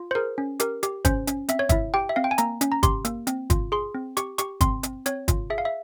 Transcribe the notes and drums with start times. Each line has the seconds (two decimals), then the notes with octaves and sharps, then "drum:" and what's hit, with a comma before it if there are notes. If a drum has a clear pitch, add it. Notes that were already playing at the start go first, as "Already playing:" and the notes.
Already playing: F4
0.11 C5
0.15 G#4 A#4
0.38 C#4
0.60 G4 A#4, drum: hi-hat
0.83 G4, drum: hi-hat
1.05 C#4 C5, drum: kick, hi-hat
1.27 C#4, drum: hi-hat
1.49 C4 E5, drum: hi-hat
1.59 C#5
1.69 E4 E5, drum: kick, hi-hat
1.94 G4 G5
2.09 E5
2.16 C4 F5
2.24 G5
2.31 G#5
2.38 A#3 A#5, drum: hi-hat
2.61 C#4, drum: hi-hat
2.72 A#5
2.83 G4 C6, drum: kick, hi-hat
3.05 A#3, drum: hi-hat
3.27 C4, drum: hi-hat
3.50 F4, drum: kick, hi-hat
3.72 G#4 C6
3.94 C4
4.17 G4 C#6, drum: hi-hat
4.38 G4 C#6, drum: hi-hat
4.61 C4 C6, drum: kick, hi-hat
4.83 C4, drum: hi-hat
5.06 C4 C#5, drum: hi-hat
5.28 F4, drum: kick, hi-hat
5.50 G#4 E5
5.58 F5
5.65 E5